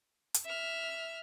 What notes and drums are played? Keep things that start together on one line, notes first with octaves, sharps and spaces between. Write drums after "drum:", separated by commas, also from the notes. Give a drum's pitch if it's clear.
drum: hi-hat
E5 F6